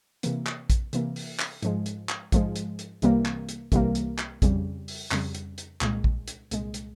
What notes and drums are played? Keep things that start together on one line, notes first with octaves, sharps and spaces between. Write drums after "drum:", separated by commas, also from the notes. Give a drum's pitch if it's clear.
C3 E3 A#3, drum: hi-hat
drum: clap
drum: kick A#1, hi-hat
C3 E3 A#3, drum: hi-hat
drum: open hi-hat
drum: clap
G#2 F3 G#3, drum: hi-hat
drum: hi-hat
drum: clap
G#2 F3 G#3, drum: kick A#1, hi-hat
drum: hi-hat
drum: hi-hat
C2 C3 E3 G3 A#3, drum: hi-hat
drum: clap
drum: hi-hat
C2 C3 E3 G3 A#3, drum: kick A#1, hi-hat
drum: hi-hat
drum: clap
F2 C#3 G3, drum: kick A#1, hi-hat
drum: open hi-hat
F2 C#3 G3, drum: clap
drum: hi-hat
drum: hi-hat
C2 A#2 G#3, drum: clap
drum: kick A#1
drum: hi-hat
C2 A#2 G#3, drum: hi-hat
drum: hi-hat